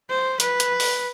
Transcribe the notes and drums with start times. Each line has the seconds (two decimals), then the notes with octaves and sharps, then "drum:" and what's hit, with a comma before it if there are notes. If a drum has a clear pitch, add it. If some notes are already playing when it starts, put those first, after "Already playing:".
0.10 C5
0.40 B4, drum: hi-hat
0.60 drum: hi-hat
0.80 drum: open hi-hat